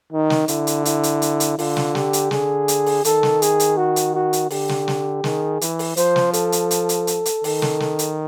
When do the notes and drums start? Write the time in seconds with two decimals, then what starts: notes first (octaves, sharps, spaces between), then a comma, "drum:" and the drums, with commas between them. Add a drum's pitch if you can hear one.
0.12 D#3 D#4
0.30 drum: snare
0.48 D3 E4, drum: hi-hat
0.67 drum: hi-hat
0.85 E4, drum: hi-hat
1.03 drum: hi-hat
1.22 drum: hi-hat
1.40 drum: hi-hat
1.59 D3 F4, drum: open hi-hat
1.77 drum: snare
1.95 G4, drum: snare
2.13 drum: hi-hat
2.31 D3 G#4, drum: snare
2.68 drum: hi-hat
2.86 drum: open hi-hat
3.05 D#3 A4, drum: hi-hat
3.23 drum: snare
3.42 G#4, drum: hi-hat
3.60 drum: hi-hat
3.77 F#4
3.96 drum: hi-hat
4.15 F#4
4.33 drum: hi-hat
4.50 D3 G4, drum: open hi-hat
4.69 drum: snare
4.88 drum: snare
5.24 D#3 G#4, drum: snare
5.61 E3, drum: hi-hat
5.79 drum: open hi-hat
5.97 F3 C5, drum: hi-hat
6.16 drum: snare
6.33 A4, drum: hi-hat
6.52 drum: hi-hat
6.71 drum: hi-hat
6.89 drum: hi-hat
7.07 drum: hi-hat
7.26 drum: hi-hat
7.44 D#3, drum: open hi-hat
7.62 drum: snare
7.80 drum: snare
7.99 drum: hi-hat